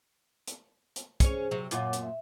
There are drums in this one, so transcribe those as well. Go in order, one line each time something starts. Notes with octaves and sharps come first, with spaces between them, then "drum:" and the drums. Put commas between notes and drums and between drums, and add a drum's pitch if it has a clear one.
drum: hi-hat
drum: hi-hat
C#4 G#4 C5 C#5, drum: kick, hi-hat
C3 F#3
F#2 A#2 F4 C#5 F#5 D6, drum: hi-hat
drum: hi-hat
E5